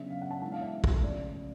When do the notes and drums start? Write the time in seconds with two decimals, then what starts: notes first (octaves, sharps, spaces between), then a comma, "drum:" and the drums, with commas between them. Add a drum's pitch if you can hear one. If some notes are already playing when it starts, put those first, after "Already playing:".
Already playing: C#3 F#3 B3 D4 E5
0.10 F5
0.22 F#5
0.31 A5
0.41 E3 G#3 B3 D4 A5
0.52 F5
0.61 E5
0.84 drum: kick
1.03 C#3 F3 A3 D5